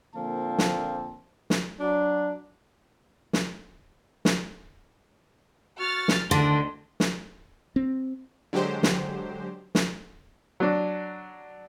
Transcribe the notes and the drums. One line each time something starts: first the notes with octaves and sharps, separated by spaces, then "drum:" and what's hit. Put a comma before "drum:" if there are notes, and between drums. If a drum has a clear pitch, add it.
A#2 D3 F3 A#3 C4 A5
drum: snare
drum: snare
F#3 D4
drum: snare
drum: snare
F#4 F6 A6
drum: snare
D2 D3 D#3 D4 C6
drum: snare
C4
D3 F#3 G#3 G4 C5
drum: snare
drum: snare
F#3 D4